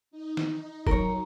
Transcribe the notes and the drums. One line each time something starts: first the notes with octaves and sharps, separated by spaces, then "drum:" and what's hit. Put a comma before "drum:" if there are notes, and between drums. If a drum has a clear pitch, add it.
D#4
drum: snare
F#3 A#4 C#5 A#5, drum: kick